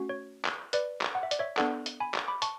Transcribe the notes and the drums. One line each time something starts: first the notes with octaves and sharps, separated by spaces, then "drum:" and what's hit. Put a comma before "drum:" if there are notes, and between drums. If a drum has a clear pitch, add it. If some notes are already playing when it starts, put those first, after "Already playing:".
Already playing: A3 C#4 F#4
C#5
drum: clap
B4 D5, drum: hi-hat
drum: clap
F#5
E5
D5, drum: hi-hat
C#5 E5
B3 D4 A4 D5 F#5, drum: clap
drum: hi-hat
G#5 B5
drum: clap
B5 D6
A5 C#6, drum: hi-hat